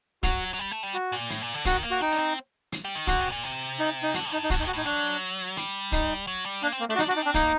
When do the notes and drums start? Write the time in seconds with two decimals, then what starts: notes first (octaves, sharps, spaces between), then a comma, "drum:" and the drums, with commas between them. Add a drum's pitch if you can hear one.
0.23 F#3 F#4, drum: kick, hi-hat
0.54 F#3
0.59 G3
0.71 A3
0.83 G3
0.94 F#4
1.12 A#2
1.30 A2, drum: hi-hat
1.42 A#2
1.54 D3
1.65 D#3 F#4, drum: kick, hi-hat
1.83 A#3
1.91 F#4
2.01 C4 D#4
2.13 D4
2.18 C4
2.72 drum: hi-hat
2.85 G3
2.95 D#3
3.07 D3 F#4, drum: kick, hi-hat
3.20 C3
3.32 A#2
3.44 C3
3.79 D#4
4.03 D#4
4.14 D3 F#4, drum: hi-hat
4.33 G2 D#4
4.44 D#4
4.50 G2 F#4, drum: kick, hi-hat
4.59 D#4
4.62 A2
4.67 F#4
4.73 A2 D#4
4.85 F#3 D4
5.57 G3, drum: hi-hat
5.92 D#4, drum: kick, hi-hat
6.27 F#3
6.46 G3
6.63 A#3 D4
6.73 C4
6.80 A#3
6.89 A3 D4
6.95 F#4
6.98 D#4, drum: hi-hat
7.08 F#4
7.11 D4
7.16 D#4
7.22 C4 D4
7.34 A#3 D#4, drum: kick, hi-hat